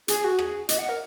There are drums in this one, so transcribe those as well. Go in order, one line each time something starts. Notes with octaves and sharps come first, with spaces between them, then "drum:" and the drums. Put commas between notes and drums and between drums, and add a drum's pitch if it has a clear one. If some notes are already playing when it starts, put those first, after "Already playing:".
G#4, drum: hi-hat
F#4
G#4, drum: rim click
D#5, drum: hi-hat
F#5
A#4